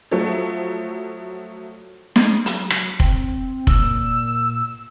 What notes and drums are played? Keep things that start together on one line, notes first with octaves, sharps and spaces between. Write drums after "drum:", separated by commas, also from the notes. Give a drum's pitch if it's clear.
F3 F#3 A3
drum: snare
F#3, drum: hi-hat
drum: rim click
C4, drum: kick F1
A#2 E6, drum: kick F1